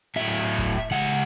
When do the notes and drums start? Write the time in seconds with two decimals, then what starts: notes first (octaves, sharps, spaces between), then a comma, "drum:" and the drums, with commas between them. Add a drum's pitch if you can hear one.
0.16 A2 F#3 A3 E4 E5
0.58 drum: kick
0.91 C#3 G#3 F#5